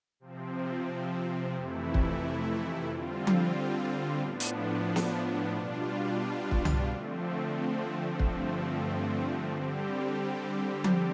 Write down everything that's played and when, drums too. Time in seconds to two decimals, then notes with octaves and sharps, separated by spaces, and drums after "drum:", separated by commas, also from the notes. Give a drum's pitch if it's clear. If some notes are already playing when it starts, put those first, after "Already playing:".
0.20 C3 F3 C4
1.54 F2 C3 E3 A3 E4
1.94 drum: kick
2.87 D3 G3 C4 F4
3.27 drum: tom F3
4.20 A2 F3 B3 D4
4.40 drum: hi-hat
4.96 drum: snare
5.53 B2 G3 D4 F4
6.51 drum: kick
6.65 drum: tom C2
6.86 D3 F3 A3 C4
8.19 G2 D3 F3 A3 C4, drum: kick
9.52 D3 G3 C4 G4
10.84 drum: tom F3